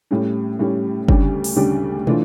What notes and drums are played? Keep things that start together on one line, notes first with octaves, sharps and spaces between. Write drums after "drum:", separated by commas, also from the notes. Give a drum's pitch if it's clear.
A2 G3 C#4
A2 G3 C#4
D2 C#3 G3 D4 G4, drum: kick F#1
drum: open hi-hat
D2 C#3 G3 D4 G4
E3 A3 D4 F4, drum: tom